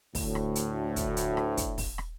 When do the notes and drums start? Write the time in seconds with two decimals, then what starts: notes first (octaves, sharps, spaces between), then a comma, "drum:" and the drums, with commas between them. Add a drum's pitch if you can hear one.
0.15 D2 A2, drum: kick, open hi-hat
0.35 drum: rim click
0.55 drum: hi-hat
0.96 drum: kick, hi-hat
1.17 drum: hi-hat
1.37 drum: rim click
1.57 drum: kick, hi-hat
1.78 drum: kick, open hi-hat
1.98 drum: rim click